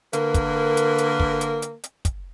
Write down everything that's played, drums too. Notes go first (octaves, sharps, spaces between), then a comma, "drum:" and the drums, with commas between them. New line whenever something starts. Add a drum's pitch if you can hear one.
D3 A#3 A#4 B4, drum: hi-hat
drum: kick, hi-hat
drum: hi-hat
drum: hi-hat
drum: kick
drum: hi-hat
drum: hi-hat
drum: hi-hat
drum: kick, hi-hat